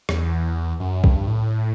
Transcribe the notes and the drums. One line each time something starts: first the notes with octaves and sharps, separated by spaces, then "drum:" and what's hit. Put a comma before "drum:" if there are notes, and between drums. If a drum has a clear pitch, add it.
E2, drum: rim click
F#2
G2, drum: kick C2
A2